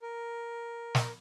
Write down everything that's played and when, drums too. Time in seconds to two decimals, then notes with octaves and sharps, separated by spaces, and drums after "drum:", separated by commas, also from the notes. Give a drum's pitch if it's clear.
0.02 A#4
0.95 drum: snare